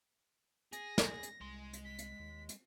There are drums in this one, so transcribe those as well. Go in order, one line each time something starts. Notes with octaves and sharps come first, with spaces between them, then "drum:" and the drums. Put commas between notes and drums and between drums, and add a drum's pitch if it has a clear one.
G#4 A#6, drum: hi-hat
drum: snare
drum: hi-hat
C2 G#3 C6
drum: hi-hat
B6
drum: hi-hat
D#2
drum: hi-hat